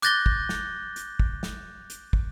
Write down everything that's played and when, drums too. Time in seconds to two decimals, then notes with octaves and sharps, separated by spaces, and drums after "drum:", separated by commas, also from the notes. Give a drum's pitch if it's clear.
0.02 D6 F#6 G6 A6 A#6 G7, drum: hi-hat
0.26 drum: kick
0.49 drum: snare
0.96 drum: hi-hat
1.19 drum: kick
1.43 drum: snare
1.90 drum: hi-hat
2.13 drum: kick